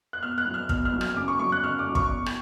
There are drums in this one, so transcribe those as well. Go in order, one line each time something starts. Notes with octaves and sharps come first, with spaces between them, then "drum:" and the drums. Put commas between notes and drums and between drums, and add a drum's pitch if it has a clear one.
F#6
B2 F6
F#6
F#3
F6
B2 F6, drum: kick
F6
F#3
F6, drum: rim click
C#3 D6
C#6
F#3 C#6
F#6
C#3 F6
D6
F#3
C#6, drum: kick
B2
drum: rim click